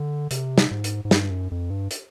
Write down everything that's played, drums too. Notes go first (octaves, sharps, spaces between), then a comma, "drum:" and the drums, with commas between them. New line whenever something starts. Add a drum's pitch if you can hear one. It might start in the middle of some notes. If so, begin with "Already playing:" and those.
Already playing: D3
C3, drum: hi-hat
drum: snare
G#2
drum: hi-hat
G#2
G2, drum: snare
F#2
F2
G2
drum: hi-hat